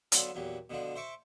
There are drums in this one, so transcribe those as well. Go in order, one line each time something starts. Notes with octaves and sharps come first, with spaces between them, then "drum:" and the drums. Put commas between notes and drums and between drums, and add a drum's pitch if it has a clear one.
D3 F#3 B3 D4 F4 A4, drum: hi-hat
E2 A#2 F#3 G3
B2 D3 F3 D4
C5 E5 C#6 D6